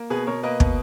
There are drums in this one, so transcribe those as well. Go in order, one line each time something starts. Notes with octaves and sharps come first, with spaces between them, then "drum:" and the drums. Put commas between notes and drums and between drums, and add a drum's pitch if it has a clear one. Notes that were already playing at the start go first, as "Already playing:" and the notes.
Already playing: A#3
B2 G#4 B4
B2 A#4 C#5
A#3 B4 D#5
B2, drum: kick